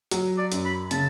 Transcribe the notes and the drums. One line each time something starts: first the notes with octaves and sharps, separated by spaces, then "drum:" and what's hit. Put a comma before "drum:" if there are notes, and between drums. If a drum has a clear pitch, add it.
F#3, drum: hi-hat
D5
F#2, drum: hi-hat
B5
C#3 A5, drum: hi-hat